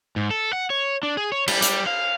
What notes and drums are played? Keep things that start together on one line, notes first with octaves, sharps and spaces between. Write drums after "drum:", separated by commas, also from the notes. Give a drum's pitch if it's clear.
G#2
A4
F#5
C#5
D4
G#4
C#5
G3, drum: cymbal
G3, drum: hi-hat
F5